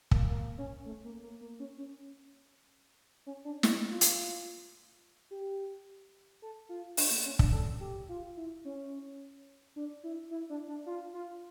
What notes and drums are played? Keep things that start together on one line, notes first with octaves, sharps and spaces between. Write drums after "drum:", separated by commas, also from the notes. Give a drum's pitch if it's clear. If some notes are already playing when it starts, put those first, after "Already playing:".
A#3, drum: kick
A#3
C#4
A3
A#3
A#3
A#3
C#4
C#4
C#4
D4
E4, drum: snare
F4
drum: hi-hat
G4
A4
F4
D4, drum: open hi-hat
A#3
C#4
D4, drum: kick
A4
G4
F4
E4
C#4
D4
E4
E4
D4
D4
F4
F4